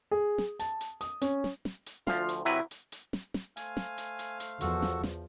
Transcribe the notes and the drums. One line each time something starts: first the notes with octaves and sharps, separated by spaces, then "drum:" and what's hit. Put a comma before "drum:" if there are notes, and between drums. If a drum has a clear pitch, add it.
G#4
drum: snare
A5, drum: hi-hat
drum: hi-hat
D#6, drum: hi-hat
C#4, drum: hi-hat
drum: snare
drum: snare
drum: hi-hat
D2 F3 F4, drum: snare
drum: hi-hat
C3 F#3 E4 B4
drum: hi-hat
drum: hi-hat
drum: snare
drum: snare
A3 C5 F5 G#5, drum: hi-hat
drum: snare
drum: hi-hat
drum: hi-hat
drum: hi-hat
E2 F3 F#4 A4, drum: hi-hat
drum: snare
drum: snare